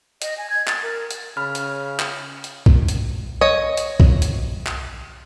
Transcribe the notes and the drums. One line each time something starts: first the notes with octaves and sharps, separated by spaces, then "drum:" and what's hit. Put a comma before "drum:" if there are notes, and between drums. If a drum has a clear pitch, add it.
D#5, drum: hi-hat
G#5
G#6
A6, drum: clap
A#4
drum: hi-hat
C#3 B5 F6
drum: hi-hat
drum: clap
drum: hi-hat
drum: kick
drum: hi-hat
C#5 D#5
drum: hi-hat
drum: kick
drum: hi-hat
drum: clap